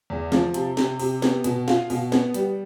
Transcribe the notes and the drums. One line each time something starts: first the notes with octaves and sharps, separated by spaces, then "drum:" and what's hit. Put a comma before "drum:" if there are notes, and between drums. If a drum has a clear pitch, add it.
E2
F3, drum: snare
C3, drum: hi-hat
C3, drum: snare
C3, drum: open hi-hat
B3, drum: snare
B2, drum: hi-hat
F4, drum: snare
B2, drum: open hi-hat
B3, drum: snare
G3, drum: hi-hat